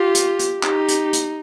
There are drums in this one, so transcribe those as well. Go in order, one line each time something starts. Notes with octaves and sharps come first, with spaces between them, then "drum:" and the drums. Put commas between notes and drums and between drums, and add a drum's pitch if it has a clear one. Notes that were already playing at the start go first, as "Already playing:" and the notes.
Already playing: F4 G4
drum: hi-hat
drum: hi-hat
D#4 G4, drum: clap
drum: hi-hat
drum: hi-hat